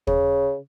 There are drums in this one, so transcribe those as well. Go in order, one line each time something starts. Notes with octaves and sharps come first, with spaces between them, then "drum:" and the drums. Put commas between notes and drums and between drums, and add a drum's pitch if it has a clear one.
C#3, drum: kick